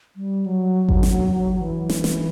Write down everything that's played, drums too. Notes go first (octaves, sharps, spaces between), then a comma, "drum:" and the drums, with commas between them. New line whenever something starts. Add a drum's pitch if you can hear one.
G3
F#3
drum: kick G#1
drum: snare
E3
drum: snare
drum: snare